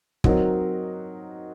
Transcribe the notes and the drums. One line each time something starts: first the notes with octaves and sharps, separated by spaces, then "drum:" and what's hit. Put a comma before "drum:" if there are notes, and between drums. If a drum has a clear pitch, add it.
F#3 C4 D#4 F#4 A#4, drum: kick